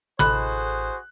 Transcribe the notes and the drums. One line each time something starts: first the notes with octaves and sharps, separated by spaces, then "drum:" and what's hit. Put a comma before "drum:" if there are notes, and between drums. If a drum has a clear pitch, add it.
A1 F#4 G#4 A4 C5 D#5 B5 F#6, drum: tom